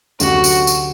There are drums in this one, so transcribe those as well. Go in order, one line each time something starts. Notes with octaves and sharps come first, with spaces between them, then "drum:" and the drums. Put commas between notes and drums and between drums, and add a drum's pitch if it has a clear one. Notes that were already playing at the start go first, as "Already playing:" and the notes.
D2 D3 F#3 C#4 F#4 G4, drum: tambourine
drum: tambourine
drum: tambourine